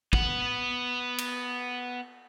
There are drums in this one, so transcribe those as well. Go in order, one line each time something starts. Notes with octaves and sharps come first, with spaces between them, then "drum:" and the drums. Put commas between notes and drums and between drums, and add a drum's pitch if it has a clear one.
B3 F#5, drum: kick
drum: cymbal